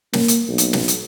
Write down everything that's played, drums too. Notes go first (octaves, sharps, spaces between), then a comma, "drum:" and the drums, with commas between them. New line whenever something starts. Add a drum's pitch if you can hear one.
A#3, drum: snare
drum: hi-hat
B1
drum: hi-hat
drum: snare
drum: hi-hat